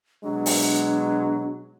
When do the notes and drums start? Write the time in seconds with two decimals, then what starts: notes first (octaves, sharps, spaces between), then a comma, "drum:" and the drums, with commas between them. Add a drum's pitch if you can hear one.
0.24 B2 F#3 G#3 D4
0.46 drum: open hi-hat